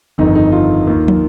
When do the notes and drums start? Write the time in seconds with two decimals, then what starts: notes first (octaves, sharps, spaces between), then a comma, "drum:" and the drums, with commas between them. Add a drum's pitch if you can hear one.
0.18 G1 F2 D#3 D#4
0.35 D#4
0.52 F4
0.87 D#2 D#3
1.08 drum: tom